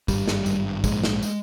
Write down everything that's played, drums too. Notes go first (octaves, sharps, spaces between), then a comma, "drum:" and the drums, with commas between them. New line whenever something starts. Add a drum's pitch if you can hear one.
G#1 G2 G3, drum: kick, tambourine
drum: snare
G#1 G2, drum: tambourine
A#1 G#2 G#3, drum: kick, tambourine
drum: snare
drum: tambourine